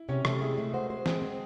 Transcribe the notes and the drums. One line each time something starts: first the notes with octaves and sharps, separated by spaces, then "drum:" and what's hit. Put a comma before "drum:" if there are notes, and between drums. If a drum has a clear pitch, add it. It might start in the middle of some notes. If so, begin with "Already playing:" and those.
Already playing: E4
C3 C#4 C#5
C3 A3 A4, drum: rim click
G#3 E4 G#4
A3
F#4 C5
C5
G#3 C4 G#4, drum: snare
C4